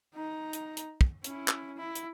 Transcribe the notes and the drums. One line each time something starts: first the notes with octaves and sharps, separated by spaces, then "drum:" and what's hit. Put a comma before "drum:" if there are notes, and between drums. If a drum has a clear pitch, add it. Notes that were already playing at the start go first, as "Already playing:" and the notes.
D#4 A#5
drum: hi-hat
drum: hi-hat
drum: kick
C#4 E4, drum: hi-hat
drum: clap
E4
drum: hi-hat